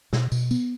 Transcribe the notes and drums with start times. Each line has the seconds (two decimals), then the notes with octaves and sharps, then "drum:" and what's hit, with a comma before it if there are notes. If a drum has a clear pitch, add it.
0.13 B2, drum: snare
0.32 B2, drum: tambourine
0.51 B3, drum: tambourine